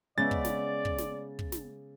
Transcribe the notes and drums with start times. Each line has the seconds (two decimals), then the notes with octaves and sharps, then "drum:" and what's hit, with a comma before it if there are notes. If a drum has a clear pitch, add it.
0.18 C#3 G#3 B3 D5 E5 A6
0.31 drum: kick
0.45 drum: snare
0.85 drum: kick
0.98 drum: snare
1.39 drum: kick
1.52 drum: snare